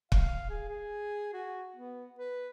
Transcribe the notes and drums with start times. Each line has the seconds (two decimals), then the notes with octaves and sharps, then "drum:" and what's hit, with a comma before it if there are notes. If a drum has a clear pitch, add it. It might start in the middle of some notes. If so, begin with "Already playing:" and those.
0.12 F5, drum: kick
0.50 G#4
0.69 G#4
1.33 F#4
1.76 B3
2.19 B4